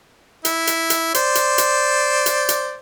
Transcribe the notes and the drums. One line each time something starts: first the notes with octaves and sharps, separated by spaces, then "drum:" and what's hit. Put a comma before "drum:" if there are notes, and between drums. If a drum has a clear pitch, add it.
E4, drum: hi-hat
drum: hi-hat
drum: hi-hat
C5 D5, drum: hi-hat
drum: hi-hat
drum: hi-hat
drum: hi-hat
drum: hi-hat